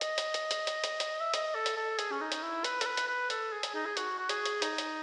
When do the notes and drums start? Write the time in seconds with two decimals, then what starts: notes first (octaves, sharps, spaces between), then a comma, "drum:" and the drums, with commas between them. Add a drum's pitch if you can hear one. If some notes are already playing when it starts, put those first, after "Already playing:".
0.01 D#5, drum: hi-hat
0.18 drum: hi-hat
0.34 drum: hi-hat
0.51 drum: hi-hat
0.67 drum: hi-hat
0.84 drum: hi-hat
1.00 drum: hi-hat
1.21 E5
1.34 D#5, drum: hi-hat
1.55 A4
1.66 drum: hi-hat
1.77 A4
1.99 G#4, drum: hi-hat
2.12 C#4
2.21 D#4
2.32 drum: hi-hat
2.43 E4
2.64 B4, drum: hi-hat
2.81 A4, drum: hi-hat
2.86 B4
2.97 drum: hi-hat
3.08 B4
3.30 A4, drum: hi-hat
3.52 G#4
3.63 drum: hi-hat
3.75 D#4
3.86 G#4
3.97 F#4, drum: hi-hat
4.19 F#4
4.29 G#4, drum: hi-hat
4.46 drum: hi-hat
4.62 D#4, drum: hi-hat
4.78 drum: hi-hat